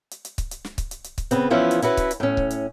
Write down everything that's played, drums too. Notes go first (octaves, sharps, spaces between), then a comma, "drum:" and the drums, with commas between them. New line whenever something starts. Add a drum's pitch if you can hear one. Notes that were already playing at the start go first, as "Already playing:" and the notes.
drum: hi-hat
drum: hi-hat
drum: kick C#1, hi-hat
drum: hi-hat
drum: snare
drum: kick C#1, hi-hat
drum: hi-hat
drum: hi-hat
drum: kick C#1, hi-hat
C#3 B3 C4, drum: hi-hat
E3 F3 B3 C#4 E4 F4
drum: hi-hat
C#4 E4 F#4 B4, drum: hi-hat
drum: kick C#1, hi-hat
drum: hi-hat
A2 C#4
drum: kick C#1
drum: hi-hat